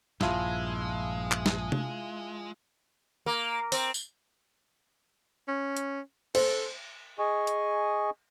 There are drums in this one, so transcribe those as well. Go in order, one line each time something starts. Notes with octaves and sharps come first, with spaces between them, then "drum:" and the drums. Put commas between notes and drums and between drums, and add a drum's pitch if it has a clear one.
A#1 G2 F3 G#3 E4, drum: snare
drum: clap
drum: snare
drum: tom C3
A#3
C4, drum: open hi-hat
drum: tambourine
C#4
drum: hi-hat
A4 C5, drum: cymbal
G#4 D#5 G#5 C#6
drum: hi-hat